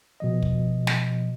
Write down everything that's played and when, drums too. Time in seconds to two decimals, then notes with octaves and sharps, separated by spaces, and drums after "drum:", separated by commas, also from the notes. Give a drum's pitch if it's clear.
0.20 B2 F3 D#5
0.43 drum: kick
0.87 drum: snare